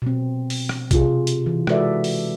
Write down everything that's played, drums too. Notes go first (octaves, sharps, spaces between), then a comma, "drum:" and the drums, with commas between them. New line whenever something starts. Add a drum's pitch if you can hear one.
B2 C4
drum: open hi-hat
drum: rim click
C3 F4 G#4, drum: kick B1, hi-hat
drum: hi-hat
E3
G#3 F#4 A4 B4 D5 E5, drum: rim click
drum: open hi-hat